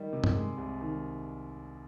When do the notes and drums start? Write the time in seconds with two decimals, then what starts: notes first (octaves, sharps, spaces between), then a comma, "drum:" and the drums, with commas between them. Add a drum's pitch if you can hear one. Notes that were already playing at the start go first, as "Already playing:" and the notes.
Already playing: D#3 G3
0.13 C3
0.24 drum: tom
0.35 G#3
0.58 C2
0.81 D#3